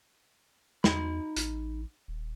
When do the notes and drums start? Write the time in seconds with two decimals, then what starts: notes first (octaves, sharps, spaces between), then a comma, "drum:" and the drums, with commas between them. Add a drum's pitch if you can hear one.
0.84 E2 D#4 B5, drum: snare
1.36 A1, drum: hi-hat
2.08 D#1